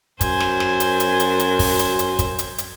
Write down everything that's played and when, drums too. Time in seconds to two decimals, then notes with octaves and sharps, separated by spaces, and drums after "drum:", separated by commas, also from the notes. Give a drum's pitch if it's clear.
0.21 F#2 C5 G#5, drum: kick, hi-hat
0.40 drum: snare
0.60 drum: snare
0.80 drum: hi-hat
1.00 drum: hi-hat
1.20 drum: hi-hat
1.39 drum: hi-hat
1.59 drum: kick, open hi-hat
1.79 drum: hi-hat
1.99 drum: hi-hat
2.19 drum: kick, hi-hat
2.39 drum: hi-hat
2.58 drum: hi-hat